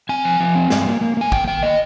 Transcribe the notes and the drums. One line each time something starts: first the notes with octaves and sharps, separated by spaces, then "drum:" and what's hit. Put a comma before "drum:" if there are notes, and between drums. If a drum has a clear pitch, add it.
C4 G#5
F3
F3
C4
G2, drum: snare
A#3
A#3
A#3 G#5
D#3 G5, drum: kick A1
D#3 G5
A#3 D#5